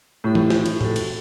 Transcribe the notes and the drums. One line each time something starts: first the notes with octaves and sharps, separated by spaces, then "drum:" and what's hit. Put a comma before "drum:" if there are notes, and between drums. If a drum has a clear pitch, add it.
A2 G4 A4
drum: tom
drum: snare
drum: cymbal
F#4 A4, drum: tom A2
drum: cymbal